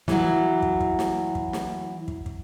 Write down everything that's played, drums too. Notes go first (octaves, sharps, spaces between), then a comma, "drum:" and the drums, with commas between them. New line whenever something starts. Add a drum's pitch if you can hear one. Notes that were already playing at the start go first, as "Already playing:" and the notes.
E3 F#3, drum: snare
drum: kick
drum: kick
drum: snare
drum: kick
drum: snare
drum: kick
drum: kick